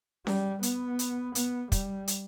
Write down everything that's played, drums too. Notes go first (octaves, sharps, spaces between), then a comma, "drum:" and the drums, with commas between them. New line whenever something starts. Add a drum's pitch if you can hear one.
G3, drum: snare C#4
B3, drum: hi-hat
drum: hi-hat
B3, drum: hi-hat
G3, drum: kick, hi-hat
drum: hi-hat